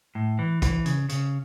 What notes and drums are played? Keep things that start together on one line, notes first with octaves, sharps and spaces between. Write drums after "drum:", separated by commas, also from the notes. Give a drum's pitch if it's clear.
A2
E3
E3, drum: kick A1, hi-hat
C#3, drum: hi-hat
C#3, drum: hi-hat